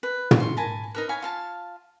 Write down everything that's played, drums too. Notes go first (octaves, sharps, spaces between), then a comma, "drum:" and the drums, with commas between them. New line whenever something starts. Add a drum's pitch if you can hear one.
B4
drum: tom
C6 C#6
A#4 G#5 A5 B5
D#4 A#4 B4
C#5 F5 G#5 B5
F4 F5 A5